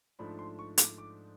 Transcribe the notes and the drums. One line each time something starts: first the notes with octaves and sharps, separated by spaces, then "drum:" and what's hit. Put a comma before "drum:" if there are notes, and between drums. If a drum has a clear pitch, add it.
G#2 F3 A3 D4 B5
C6
C#6
D6, drum: hi-hat
D6